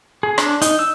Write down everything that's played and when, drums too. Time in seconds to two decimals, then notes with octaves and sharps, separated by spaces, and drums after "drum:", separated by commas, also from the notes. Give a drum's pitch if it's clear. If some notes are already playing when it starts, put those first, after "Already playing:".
0.23 G#4
0.38 D4, drum: rim click
0.62 D#4, drum: hi-hat
0.79 E6